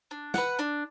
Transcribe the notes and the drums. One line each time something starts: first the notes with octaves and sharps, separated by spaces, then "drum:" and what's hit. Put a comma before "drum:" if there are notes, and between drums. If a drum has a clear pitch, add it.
D4
B4 F#5, drum: snare
D4